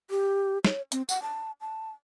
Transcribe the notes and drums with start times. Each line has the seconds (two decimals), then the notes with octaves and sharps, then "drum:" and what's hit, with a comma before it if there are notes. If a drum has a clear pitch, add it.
0.11 G4
0.65 C#5, drum: snare
0.92 C4, drum: hi-hat
1.09 F#5, drum: tambourine
1.22 A5
1.61 A5